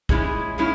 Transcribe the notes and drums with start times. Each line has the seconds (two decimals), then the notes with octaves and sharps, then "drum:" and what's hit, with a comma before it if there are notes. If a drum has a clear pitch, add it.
0.09 A#2 G#3 C#4 E4, drum: kick
0.58 A#2 G#3 C#4 E4